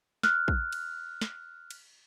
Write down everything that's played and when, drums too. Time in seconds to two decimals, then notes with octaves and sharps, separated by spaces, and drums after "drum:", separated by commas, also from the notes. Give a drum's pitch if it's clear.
0.23 F6 F#6, drum: snare
0.48 drum: kick
0.72 drum: cymbal
1.21 drum: snare
1.71 drum: cymbal